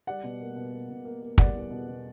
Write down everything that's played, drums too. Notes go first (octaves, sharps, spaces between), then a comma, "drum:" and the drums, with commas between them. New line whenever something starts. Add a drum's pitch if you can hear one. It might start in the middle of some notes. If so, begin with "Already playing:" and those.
G3 D5 F#5
B2
A#3
B2
A#3
B2
A#3
A#3
G3 D5 F#5, drum: kick
E2
B2
B2